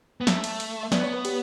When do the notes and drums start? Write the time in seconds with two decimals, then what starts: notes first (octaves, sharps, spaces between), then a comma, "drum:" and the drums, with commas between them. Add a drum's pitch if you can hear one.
0.21 B3
0.27 A3, drum: snare
0.44 drum: cymbal
0.60 drum: cymbal
0.83 E5
0.92 B3 D5, drum: snare
1.04 C#5
1.14 B4
1.25 G4, drum: cymbal